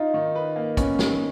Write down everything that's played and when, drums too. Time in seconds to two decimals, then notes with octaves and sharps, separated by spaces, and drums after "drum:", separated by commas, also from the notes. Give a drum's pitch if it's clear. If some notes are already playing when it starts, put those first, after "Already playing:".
Already playing: D#4 F4
0.14 D#3
0.35 B4
0.56 A#3
0.77 B3 C#4, drum: kick, hi-hat
0.99 D#3, drum: snare